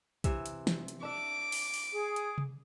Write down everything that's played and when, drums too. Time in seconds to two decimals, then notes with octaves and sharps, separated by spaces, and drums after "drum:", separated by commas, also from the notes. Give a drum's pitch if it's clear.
0.24 C3 E3 E5, drum: kick, hi-hat
0.46 drum: hi-hat
0.67 drum: snare
0.88 drum: hi-hat
1.03 D4 E5 D6
1.52 drum: open hi-hat
1.74 drum: open hi-hat
1.92 G#4
2.16 drum: hi-hat
2.38 drum: tom C3